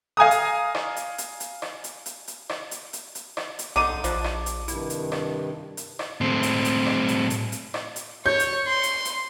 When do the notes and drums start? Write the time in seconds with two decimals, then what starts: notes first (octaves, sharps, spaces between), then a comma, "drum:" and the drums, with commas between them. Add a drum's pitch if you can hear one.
0.17 F5 G#5 A#5 D#6
0.31 drum: hi-hat
0.75 drum: rim click
0.96 drum: hi-hat
1.18 drum: hi-hat
1.40 drum: hi-hat
1.62 drum: rim click
1.84 drum: hi-hat
2.06 drum: hi-hat
2.28 drum: hi-hat
2.49 drum: rim click
2.71 drum: hi-hat
2.93 drum: hi-hat
3.15 drum: hi-hat
3.37 drum: rim click
3.59 drum: hi-hat
3.76 B1 D3 D#4 D6 D#7
4.04 A#1 F3 D4, drum: hi-hat
4.24 drum: rim click
4.46 drum: hi-hat
4.68 G2 C3 D#3 E4, drum: hi-hat
4.90 drum: hi-hat
5.12 drum: rim click
5.77 drum: hi-hat
5.99 drum: rim click
6.21 A2 C4
6.43 drum: hi-hat
6.65 drum: hi-hat
6.86 drum: rim click
7.08 drum: hi-hat
7.30 drum: hi-hat
7.52 drum: hi-hat
7.74 drum: rim click
7.96 drum: hi-hat
8.26 C#5 G6
8.39 drum: hi-hat
8.67 C6
8.83 drum: hi-hat
9.05 drum: hi-hat